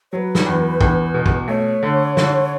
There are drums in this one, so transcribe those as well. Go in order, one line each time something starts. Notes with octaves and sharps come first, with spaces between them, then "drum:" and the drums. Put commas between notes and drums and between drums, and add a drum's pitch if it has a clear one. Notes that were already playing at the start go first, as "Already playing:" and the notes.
F#3 B4 C#5
drum: snare
E2
E2, drum: kick
B2
drum: kick
A3 C#5
D3
D3, drum: snare